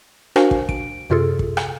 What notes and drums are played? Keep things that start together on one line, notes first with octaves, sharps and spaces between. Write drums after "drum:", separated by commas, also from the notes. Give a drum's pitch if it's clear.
D4 F#4 A#4 C5 F5 G#5, drum: rim click
drum: kick
D7, drum: kick
F#2 C3 F4 G#4 A4
drum: kick
drum: rim click